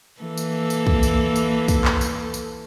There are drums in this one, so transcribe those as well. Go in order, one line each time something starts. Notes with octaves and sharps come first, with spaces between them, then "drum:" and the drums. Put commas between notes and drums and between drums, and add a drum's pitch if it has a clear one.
E3 A#3 A4
drum: tambourine
drum: tambourine
drum: kick
drum: tambourine
drum: tambourine
drum: kick, tambourine
drum: clap
drum: tambourine
drum: tambourine